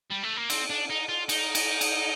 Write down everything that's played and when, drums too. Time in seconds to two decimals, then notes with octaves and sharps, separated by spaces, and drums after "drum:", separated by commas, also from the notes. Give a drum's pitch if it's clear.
0.11 G3
0.24 A3
0.37 A#3
0.50 C4, drum: cymbal
0.70 D4
0.90 D#4
1.09 F4
1.29 D#4, drum: cymbal
1.55 drum: cymbal
1.81 drum: cymbal